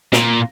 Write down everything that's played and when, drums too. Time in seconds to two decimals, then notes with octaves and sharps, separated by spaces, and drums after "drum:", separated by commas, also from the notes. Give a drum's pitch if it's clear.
0.13 A#2, drum: snare